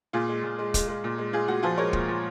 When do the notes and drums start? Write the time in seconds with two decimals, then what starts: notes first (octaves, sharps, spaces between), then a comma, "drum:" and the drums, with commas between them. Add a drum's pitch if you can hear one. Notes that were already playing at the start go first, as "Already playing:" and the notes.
0.13 A#2 F4 G#4
0.29 G#3
0.43 A#2
0.59 G#3
0.74 G#3, drum: kick, hi-hat
0.88 G#3
1.04 A#2
1.18 G#3
1.33 G#3 F4 G#4
1.48 A#2 F#4
1.63 F3 F4 G#4
1.78 G#3 A#4 C#5
1.93 A#2, drum: kick
2.08 A#2